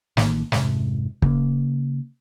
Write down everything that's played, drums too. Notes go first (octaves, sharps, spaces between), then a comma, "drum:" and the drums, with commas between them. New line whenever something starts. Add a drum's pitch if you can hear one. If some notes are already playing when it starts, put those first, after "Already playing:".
A1 D#3 A#3, drum: snare
F1 G#2 C3, drum: snare
C#3 A#3, drum: kick